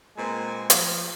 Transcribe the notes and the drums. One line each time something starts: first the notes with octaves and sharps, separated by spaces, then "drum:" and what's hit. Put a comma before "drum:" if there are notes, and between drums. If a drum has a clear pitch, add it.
A#2 G#3 C4 B4 G#5
F3, drum: hi-hat